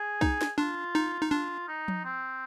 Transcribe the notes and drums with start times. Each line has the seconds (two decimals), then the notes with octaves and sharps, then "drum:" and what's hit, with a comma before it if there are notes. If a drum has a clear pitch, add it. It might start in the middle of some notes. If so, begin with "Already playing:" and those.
Already playing: G#4
0.21 D#4, drum: kick C2
0.41 drum: snare
0.58 D4 F4
0.95 D#4
1.21 D#4
1.31 D4 F4
1.68 D#4
1.88 drum: tom F3
2.05 C4